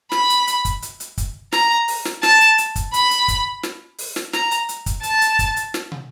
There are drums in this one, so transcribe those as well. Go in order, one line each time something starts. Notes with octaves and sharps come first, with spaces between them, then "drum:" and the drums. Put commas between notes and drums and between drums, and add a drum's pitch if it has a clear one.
B5, drum: snare
drum: hi-hat
drum: hi-hat
drum: kick, hi-hat
drum: hi-hat
drum: hi-hat
drum: kick, hi-hat
A#5, drum: snare
drum: open hi-hat
drum: snare
A5, drum: snare
drum: hi-hat
drum: hi-hat
drum: kick, hi-hat
B5, drum: hi-hat
drum: hi-hat
drum: kick, hi-hat
drum: snare
drum: open hi-hat
drum: snare
A#5, drum: snare
drum: hi-hat
drum: hi-hat
drum: kick, hi-hat
A5, drum: hi-hat
drum: hi-hat
drum: kick, hi-hat
drum: hi-hat
drum: snare
drum: tom